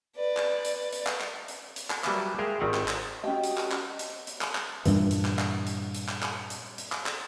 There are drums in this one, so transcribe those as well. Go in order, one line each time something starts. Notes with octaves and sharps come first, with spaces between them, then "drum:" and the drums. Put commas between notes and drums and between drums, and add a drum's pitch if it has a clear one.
B4 D5
drum: clap
drum: hi-hat
drum: hi-hat
drum: clap
drum: clap
drum: hi-hat
drum: hi-hat
drum: clap
F#3 G3 A#3 B4 E5 A5, drum: clap
G#3 G#4 A#4 E5 F5 G5
G#1 D#3 C4 F4 G4 F#5
drum: clap
drum: clap
C#4 F#4 G4 D#5 G5
drum: hi-hat
drum: clap
drum: clap
drum: hi-hat
drum: hi-hat
drum: clap
drum: clap
G2 A#2 E3, drum: hi-hat
drum: hi-hat
drum: clap
drum: clap
drum: hi-hat
drum: hi-hat
drum: clap
drum: clap
drum: hi-hat
drum: hi-hat
drum: clap
drum: clap